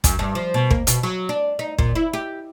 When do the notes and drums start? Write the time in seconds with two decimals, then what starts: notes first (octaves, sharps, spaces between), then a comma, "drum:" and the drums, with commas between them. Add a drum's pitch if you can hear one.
0.04 F#2, drum: kick, hi-hat
0.19 G2
0.35 F3
0.54 B2
0.71 A#3, drum: kick
0.87 B2, drum: hi-hat
1.03 F#3
1.29 D4
1.59 D#4
1.79 A#2, drum: kick
1.95 E4
2.13 G4